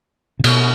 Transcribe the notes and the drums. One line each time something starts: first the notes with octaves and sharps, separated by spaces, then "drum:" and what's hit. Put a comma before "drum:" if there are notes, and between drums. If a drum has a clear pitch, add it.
C3
B2, drum: cymbal